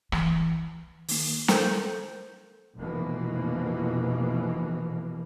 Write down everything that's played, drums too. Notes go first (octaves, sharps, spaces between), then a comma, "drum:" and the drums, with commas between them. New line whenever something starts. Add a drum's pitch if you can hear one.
E3, drum: rim click
D#3 A#3, drum: open hi-hat
A4 A#4 C5 G6, drum: snare
F1 B2 E3 F3 A#3